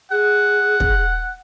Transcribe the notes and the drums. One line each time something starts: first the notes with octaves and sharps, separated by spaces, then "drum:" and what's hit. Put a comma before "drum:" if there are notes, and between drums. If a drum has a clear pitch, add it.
G#4 F#5
drum: kick